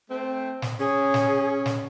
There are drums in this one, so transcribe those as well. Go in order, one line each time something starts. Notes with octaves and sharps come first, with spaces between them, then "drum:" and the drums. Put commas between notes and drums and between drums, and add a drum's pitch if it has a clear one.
A3 C4
drum: snare
C#4 G#4
drum: snare
drum: snare